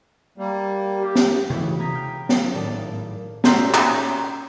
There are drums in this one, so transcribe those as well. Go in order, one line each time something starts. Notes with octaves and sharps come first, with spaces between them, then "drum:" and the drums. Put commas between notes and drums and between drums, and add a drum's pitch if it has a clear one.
G3 A#3
G4
drum: snare
C#3 E3 E4 F#4, drum: tom C3
A#5 D#6 G#6 A#6 B6
G5 F6 G#6
F#3 C#5 F5, drum: snare
G#1 A2 D5 A5
A#2 C#4 F#4 G4 A4 A#5 C6 G6, drum: snare
drum: clap